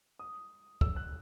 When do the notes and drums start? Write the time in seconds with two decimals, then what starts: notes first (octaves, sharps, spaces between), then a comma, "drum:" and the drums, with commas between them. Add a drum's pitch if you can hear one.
0.19 D#6
0.81 E6, drum: kick
0.96 F#6